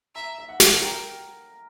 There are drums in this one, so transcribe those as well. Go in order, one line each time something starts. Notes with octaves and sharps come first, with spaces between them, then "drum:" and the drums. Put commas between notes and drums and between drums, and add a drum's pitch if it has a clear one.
E5 A#5
E5
F#5
G5, drum: snare
G4
A#4 G5